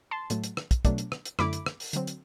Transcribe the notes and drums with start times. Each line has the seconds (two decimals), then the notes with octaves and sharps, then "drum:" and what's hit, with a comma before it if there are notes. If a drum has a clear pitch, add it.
0.11 A5 C6
0.30 A2 F#3 A3, drum: hi-hat
0.44 drum: hi-hat
0.57 drum: rim click
0.71 drum: kick, hi-hat
0.85 B2 F#3 A3 D4, drum: kick, hi-hat
0.98 drum: hi-hat
1.12 drum: rim click
1.25 drum: hi-hat
1.39 F#2 D3 A3 E4 B5 D6, drum: rim click
1.53 drum: hi-hat
1.66 drum: rim click
1.80 drum: open hi-hat
1.93 D3 F#3 C4, drum: hi-hat
2.07 drum: hi-hat